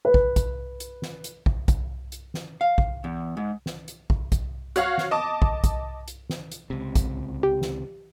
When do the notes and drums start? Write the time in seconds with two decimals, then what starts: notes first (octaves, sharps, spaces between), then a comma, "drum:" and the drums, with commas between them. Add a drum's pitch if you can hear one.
0.05 B4
0.14 drum: kick
0.36 drum: kick, hi-hat
0.80 drum: hi-hat
1.02 drum: snare
1.24 drum: hi-hat
1.46 drum: kick
1.68 drum: kick, hi-hat
2.12 drum: hi-hat
2.34 drum: snare
2.61 F5
2.78 drum: kick
3.04 E2
3.37 G#2
3.66 drum: snare
3.88 drum: hi-hat
4.10 drum: kick
4.32 drum: kick, hi-hat
4.76 F#4 C#5 F5, drum: hi-hat
4.98 drum: snare
5.11 D#5 A5 D6
5.42 drum: kick
5.64 drum: kick, hi-hat
6.08 drum: hi-hat
6.30 drum: snare
6.52 drum: hi-hat
6.70 C#2 C3
6.95 drum: kick, hi-hat
7.43 G4
7.61 drum: snare